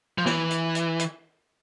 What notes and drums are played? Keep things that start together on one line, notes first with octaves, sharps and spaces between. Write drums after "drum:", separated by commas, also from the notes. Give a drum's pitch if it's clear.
F3
E3, drum: snare
drum: hi-hat
drum: hi-hat
drum: hi-hat